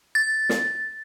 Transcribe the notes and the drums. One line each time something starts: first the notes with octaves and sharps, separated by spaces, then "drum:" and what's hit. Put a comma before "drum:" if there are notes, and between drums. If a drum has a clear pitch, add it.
A6
drum: snare